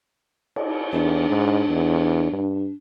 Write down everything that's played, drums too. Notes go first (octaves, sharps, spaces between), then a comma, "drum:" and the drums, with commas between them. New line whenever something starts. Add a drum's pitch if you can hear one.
drum: cymbal
E2 D4
G#2
E2
G2